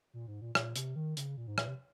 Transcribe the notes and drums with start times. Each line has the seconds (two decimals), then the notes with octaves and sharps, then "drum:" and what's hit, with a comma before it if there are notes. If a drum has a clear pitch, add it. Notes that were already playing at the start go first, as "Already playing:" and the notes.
0.14 A#2
0.28 G#2
0.42 A#2
0.55 A#2, drum: rim click
0.76 C3, drum: hi-hat
0.96 D#3
1.17 C#3, drum: hi-hat
1.37 A#2
1.47 G#2
1.58 A#2, drum: rim click
1.67 C3